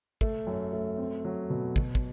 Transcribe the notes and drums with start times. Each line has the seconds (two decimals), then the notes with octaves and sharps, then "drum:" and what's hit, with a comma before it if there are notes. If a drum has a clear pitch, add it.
0.21 A3, drum: kick
0.47 F#2
0.73 A3
0.98 C4
1.25 F#3
1.50 B2
1.76 B2, drum: kick
1.95 drum: kick